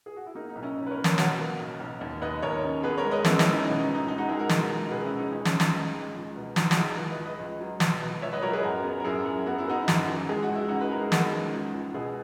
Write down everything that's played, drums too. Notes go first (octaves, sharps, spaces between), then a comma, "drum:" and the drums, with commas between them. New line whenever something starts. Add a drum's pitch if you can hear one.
G#4
F#4
E4
A#3 D#4
D#4
B1
C#4 E4
B1
B4
A#4 C#5
A#3
A#4 C#5, drum: snare
B2 F#4 A#4, drum: snare
A#3
B1
B1
D#2
D#2 B4 D#5
D#2 A#4 C#5
C#3
B3 G#4 B4
A#4 C#5
G#3
B4 D#5
B3 C#4 E4, drum: snare
C#4 E4, drum: snare
G#3
D#4
B2 C#4
D#4
C#2
D#4
G#3 D#4
D#4 F#4
G#3 E4 G#4
F#4 A#4
B2, drum: snare
G#3
B2 G#4 B4
C#4 E4
B2
D#4
C#2 C#4
C#4, drum: snare
C#2
D#4, drum: snare
G#3
G#3
C#2
B2
C#2 D#4 F#4, drum: snare
F#4, drum: snare
C#2 E4 G#4
C#2 G#4 B4
B4 D#5
C#2
B4 D#5
C#2
F#3
B2, drum: snare
B2
C#2 C#5 E5
B4 D#5
F#3 A#4 C#5
G#4 B4
F#2 F#4 A#4
B3
A#4
F#2 E4 G#4
F#2
B3 F#4
E4
B3 D#4 F#4
F#2, drum: snare
E3
G#3 G#4
F#4
C#2
E4
C#3 D#4 F#4
B4
G#3 A#4
G#4
B3 D#4 F#4, drum: snare
G#3
C#2
C#2
B2 E4 G#4